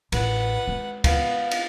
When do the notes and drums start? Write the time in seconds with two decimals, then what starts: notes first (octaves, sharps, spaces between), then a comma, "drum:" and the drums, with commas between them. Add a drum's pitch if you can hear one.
0.12 A1 B4 F#5, drum: cymbal
0.67 G#3
1.04 B3 F5, drum: kick, cymbal
1.51 drum: cymbal